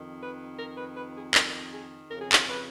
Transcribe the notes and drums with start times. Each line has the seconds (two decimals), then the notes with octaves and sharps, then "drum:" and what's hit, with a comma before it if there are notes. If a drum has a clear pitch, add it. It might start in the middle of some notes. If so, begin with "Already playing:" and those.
Already playing: F2 D#3
0.21 B4
0.59 A#4
0.78 B4
0.97 B4
1.16 G#4
1.34 A#4, drum: clap
1.72 G#4
2.09 F2 C#3 A#4
2.21 G#4
2.32 A#4, drum: clap
2.48 B4